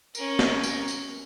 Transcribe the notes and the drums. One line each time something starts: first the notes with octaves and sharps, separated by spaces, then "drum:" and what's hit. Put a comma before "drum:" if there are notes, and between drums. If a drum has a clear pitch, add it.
C#4 A#4, drum: tambourine
drum: snare
drum: tambourine
drum: tambourine